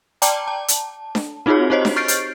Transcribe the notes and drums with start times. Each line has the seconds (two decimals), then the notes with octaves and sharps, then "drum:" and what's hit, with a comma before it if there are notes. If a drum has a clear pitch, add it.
0.22 D5 G5 A5 A#5 D6, drum: hi-hat
0.47 A5
0.68 drum: hi-hat
1.15 drum: snare D4
1.46 C4 D#4 F4 F#4 G#4 C#5
1.70 D#4 G4 C5 C#5 D#5
1.85 drum: snare D4
1.96 C#6 F6 G6 A6 C7 D7
2.08 drum: hi-hat